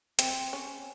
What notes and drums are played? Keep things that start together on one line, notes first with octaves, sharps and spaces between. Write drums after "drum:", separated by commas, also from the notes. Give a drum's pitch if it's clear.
C4, drum: hi-hat
C#4